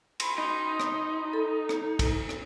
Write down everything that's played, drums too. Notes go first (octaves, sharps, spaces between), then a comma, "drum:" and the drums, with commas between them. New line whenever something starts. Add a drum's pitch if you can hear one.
B5 C6, drum: cymbal
D#4
drum: rim click
A4
drum: rim click
drum: kick, cymbal
drum: rim click